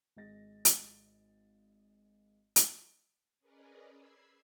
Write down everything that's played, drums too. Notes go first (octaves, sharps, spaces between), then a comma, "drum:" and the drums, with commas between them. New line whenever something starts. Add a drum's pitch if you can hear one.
G#1 G#3 D#5 A6 A#6
drum: hi-hat
drum: hi-hat
C#4 G#4 A#4 B4 D5 D#5
B5 E6 G#6 C7